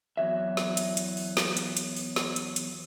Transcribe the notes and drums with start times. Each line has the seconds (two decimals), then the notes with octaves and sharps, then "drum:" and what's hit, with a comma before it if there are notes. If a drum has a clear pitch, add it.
0.17 E2 F#3 E5
0.57 drum: snare
0.77 drum: hi-hat
0.97 drum: hi-hat
1.17 drum: open hi-hat
1.37 drum: snare
1.57 drum: hi-hat
1.77 drum: hi-hat
1.96 drum: open hi-hat
2.16 drum: snare
2.36 drum: hi-hat
2.56 drum: hi-hat